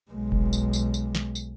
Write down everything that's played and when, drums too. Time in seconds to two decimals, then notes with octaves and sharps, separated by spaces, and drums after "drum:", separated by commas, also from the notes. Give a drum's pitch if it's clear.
0.11 B1 G#3
0.32 drum: kick F1
0.53 drum: tambourine
0.73 drum: tambourine
0.94 drum: tambourine
1.15 drum: snare
1.35 drum: tambourine